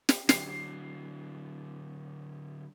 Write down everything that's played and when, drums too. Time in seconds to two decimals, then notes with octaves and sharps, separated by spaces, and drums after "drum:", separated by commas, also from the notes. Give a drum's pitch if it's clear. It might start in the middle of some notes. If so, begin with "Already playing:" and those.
0.09 drum: snare
0.29 D3 F#3 C7, drum: snare